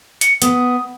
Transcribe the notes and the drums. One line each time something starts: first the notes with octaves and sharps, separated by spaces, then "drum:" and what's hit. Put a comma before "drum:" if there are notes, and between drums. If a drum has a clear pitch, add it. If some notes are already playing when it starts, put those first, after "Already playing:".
C#7, drum: hi-hat
B3 D#6, drum: hi-hat